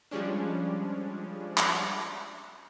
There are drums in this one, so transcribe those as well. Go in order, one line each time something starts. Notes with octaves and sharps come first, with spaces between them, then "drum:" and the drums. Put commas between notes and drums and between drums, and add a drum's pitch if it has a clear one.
F3 G3 G#3 C#4 D4
drum: clap